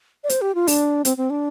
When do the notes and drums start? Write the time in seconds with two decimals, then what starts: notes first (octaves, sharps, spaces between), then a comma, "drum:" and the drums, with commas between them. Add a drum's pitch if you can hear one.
0.24 D5
0.30 C5, drum: hi-hat
0.41 G4
0.55 F4
0.67 D4, drum: open hi-hat
1.05 C4, drum: hi-hat
1.17 C4
1.30 D4